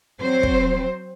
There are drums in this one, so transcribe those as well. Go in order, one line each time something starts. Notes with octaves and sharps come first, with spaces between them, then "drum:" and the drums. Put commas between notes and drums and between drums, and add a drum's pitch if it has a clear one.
F#3 C4 C5
drum: kick